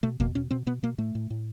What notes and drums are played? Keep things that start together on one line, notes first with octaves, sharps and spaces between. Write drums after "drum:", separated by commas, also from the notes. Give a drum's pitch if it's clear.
B2 A3
B2 A#3, drum: kick E2
B2 C#4
B2 C4
B2 B3
B2 A#3
A2 A3
A2
A2